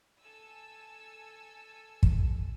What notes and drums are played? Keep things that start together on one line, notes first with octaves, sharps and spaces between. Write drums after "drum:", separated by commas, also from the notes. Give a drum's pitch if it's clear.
A4 G#5 E6
drum: kick